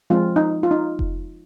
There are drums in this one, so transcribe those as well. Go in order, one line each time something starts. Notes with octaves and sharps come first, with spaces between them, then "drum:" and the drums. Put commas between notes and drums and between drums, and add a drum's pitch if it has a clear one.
F3 G#3 C4 F4
D#4
F4
D#4
drum: kick F1